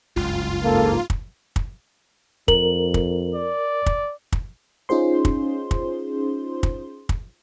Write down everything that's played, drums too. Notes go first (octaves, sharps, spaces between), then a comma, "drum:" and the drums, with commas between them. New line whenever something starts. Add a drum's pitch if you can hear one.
F#1 C#2 G2 F4
G#2 C#3 A#3 A4
drum: kick
drum: kick
F2 A#4 F#7, drum: kick
drum: kick
D5
drum: kick
drum: kick
C#4 D#4 F4 G#4 C5 C6
drum: kick
drum: kick
drum: kick
drum: kick